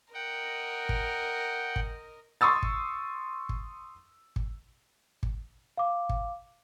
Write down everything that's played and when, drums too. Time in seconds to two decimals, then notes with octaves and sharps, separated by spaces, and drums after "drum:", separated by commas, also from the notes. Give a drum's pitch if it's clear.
0.14 A#4 D#5 F#5 G5
0.89 drum: kick
1.76 drum: kick
2.41 C6 C#6 D#6 E6 A6
2.63 drum: kick
3.49 drum: kick
4.36 drum: kick
5.23 drum: kick
5.78 F5 D6
6.09 drum: kick